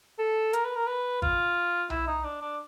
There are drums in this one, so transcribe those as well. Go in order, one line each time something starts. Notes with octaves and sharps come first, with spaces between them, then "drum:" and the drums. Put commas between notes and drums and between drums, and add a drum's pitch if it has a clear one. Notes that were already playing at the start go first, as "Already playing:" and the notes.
A4
A#4, drum: hi-hat
B4
A#4
B4
F4, drum: kick G#1
E4, drum: tom B1
D#4
D4
D4